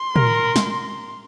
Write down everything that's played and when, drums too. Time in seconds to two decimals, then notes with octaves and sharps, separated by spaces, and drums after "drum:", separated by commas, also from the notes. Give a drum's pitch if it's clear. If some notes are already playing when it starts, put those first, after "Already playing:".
Already playing: C6
0.16 A#4, drum: tom
0.56 drum: snare